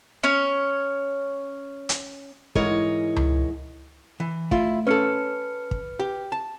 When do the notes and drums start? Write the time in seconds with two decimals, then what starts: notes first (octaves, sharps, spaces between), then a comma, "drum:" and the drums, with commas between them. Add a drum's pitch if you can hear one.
0.23 C#4 C#5
1.89 drum: hi-hat
2.55 G#2 E3 A#4 C#5 D#5, drum: kick
3.16 drum: tom C#2
4.20 E3
4.51 A3 E4 F4, drum: kick
4.87 C#4 A4 B4 F6 C#7
5.71 drum: kick
6.00 G4
6.32 A5